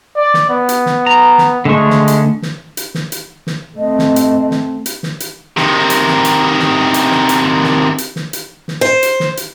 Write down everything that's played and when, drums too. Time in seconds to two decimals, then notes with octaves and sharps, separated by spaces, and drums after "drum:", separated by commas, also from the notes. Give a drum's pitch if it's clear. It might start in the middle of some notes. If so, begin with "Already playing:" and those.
0.17 D5
0.34 drum: snare
0.49 B3
0.69 drum: hi-hat
0.86 drum: snare
1.06 A#5
1.38 drum: snare
1.65 D3 G#3 A3 C#6
1.90 drum: snare
2.08 drum: hi-hat
2.42 drum: snare
2.77 drum: hi-hat
2.95 drum: snare
3.12 drum: hi-hat
3.47 drum: snare
3.77 A3 C4 D#5
3.99 drum: snare
4.16 drum: hi-hat
4.51 drum: snare
4.86 drum: hi-hat
5.03 drum: snare
5.20 drum: hi-hat
5.57 C3 D#3, drum: snare
5.90 drum: hi-hat
6.07 drum: snare
6.25 drum: hi-hat
6.59 drum: snare
6.94 drum: hi-hat
7.11 drum: snare
7.29 drum: hi-hat
7.64 drum: snare
7.98 drum: hi-hat
8.16 drum: snare
8.33 drum: hi-hat
8.68 drum: snare
8.81 C5
9.03 drum: hi-hat
9.20 drum: snare
9.37 drum: hi-hat